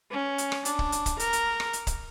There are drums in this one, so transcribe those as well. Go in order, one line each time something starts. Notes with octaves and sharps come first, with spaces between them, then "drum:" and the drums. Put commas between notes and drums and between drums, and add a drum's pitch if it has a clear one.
C#4
drum: hi-hat
drum: rim click
D4, drum: hi-hat
drum: kick
drum: hi-hat
drum: kick, hi-hat
A#4, drum: hi-hat
drum: hi-hat
drum: rim click
drum: hi-hat
drum: kick, hi-hat